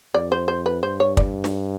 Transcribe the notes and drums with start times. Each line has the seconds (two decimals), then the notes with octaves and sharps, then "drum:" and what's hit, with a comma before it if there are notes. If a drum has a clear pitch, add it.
0.14 F2 D5
0.32 C5
0.48 C5
0.66 B4
0.83 G2 C5
1.00 C#5
1.17 D5, drum: kick
1.44 drum: snare